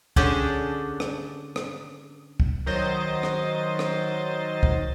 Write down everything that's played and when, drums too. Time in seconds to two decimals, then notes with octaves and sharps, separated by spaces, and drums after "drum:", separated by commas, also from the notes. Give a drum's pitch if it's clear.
0.16 D3 C#4 D4 G4 G#4, drum: kick C#2
1.00 drum: rim click
1.56 drum: rim click
2.40 drum: kick C#2
2.66 D#3 F#3 C5 D#5 A6
3.23 drum: rim click
3.79 drum: rim click
4.63 drum: kick C#2